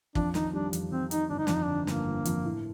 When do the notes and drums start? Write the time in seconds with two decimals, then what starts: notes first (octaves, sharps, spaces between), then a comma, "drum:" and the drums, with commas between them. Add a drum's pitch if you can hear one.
0.15 F2 D4, drum: kick
0.34 D#3 D#4, drum: snare
0.53 G3 D4
0.73 F2, drum: hi-hat
0.92 F2 C4
1.11 D#3 D#4, drum: hi-hat
1.30 G1 D4
1.38 D#4
1.47 F2 D4, drum: snare
1.56 D#4
1.64 D3 D4
1.87 G1 A#3, drum: snare
2.06 G1
2.25 F2, drum: hi-hat
2.45 A2